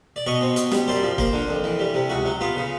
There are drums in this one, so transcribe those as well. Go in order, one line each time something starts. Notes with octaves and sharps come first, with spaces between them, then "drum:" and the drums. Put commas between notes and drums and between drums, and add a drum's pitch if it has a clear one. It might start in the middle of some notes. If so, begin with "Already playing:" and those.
D5
B2 C#5 D#5
C4
B2, drum: hi-hat
G3, drum: snare
F#2 C5 D5
F3
A#3 A#4 C5, drum: kick
D3
F2
E3
G3
C3
C#2 F#4
F#3
B3 F4
C#3